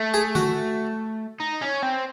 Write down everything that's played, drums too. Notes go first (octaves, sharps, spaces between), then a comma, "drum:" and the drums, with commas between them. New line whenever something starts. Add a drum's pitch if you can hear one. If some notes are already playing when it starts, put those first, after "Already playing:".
Already playing: A3
G#4
F#4, drum: tom D3
D#4
C#4
C4